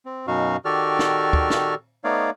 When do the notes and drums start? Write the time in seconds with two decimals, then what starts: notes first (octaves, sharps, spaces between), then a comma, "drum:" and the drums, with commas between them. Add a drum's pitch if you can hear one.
0.06 C4
0.27 F#2 B2 D#4 F#4 F5
0.65 D#3 F#4 G4 A4 D5 F6
0.99 drum: snare
1.33 drum: kick
1.50 drum: snare
2.04 A3 B3 D#4 C#5 D5 F5